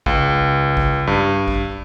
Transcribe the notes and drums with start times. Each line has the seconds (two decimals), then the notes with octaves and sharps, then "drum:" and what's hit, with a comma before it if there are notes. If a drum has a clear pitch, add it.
0.06 C#2, drum: kick
0.77 drum: kick
1.07 G2
1.48 drum: kick